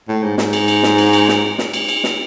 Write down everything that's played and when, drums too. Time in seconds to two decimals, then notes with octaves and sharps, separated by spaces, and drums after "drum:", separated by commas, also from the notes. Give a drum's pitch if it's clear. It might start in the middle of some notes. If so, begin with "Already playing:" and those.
0.08 A2
0.23 G#2
0.38 G#2, drum: snare
0.53 drum: cymbal
0.68 drum: cymbal
0.83 drum: snare
0.98 drum: cymbal
1.13 drum: cymbal
1.28 drum: snare
1.58 drum: snare
1.73 drum: cymbal
1.89 drum: cymbal
2.04 drum: snare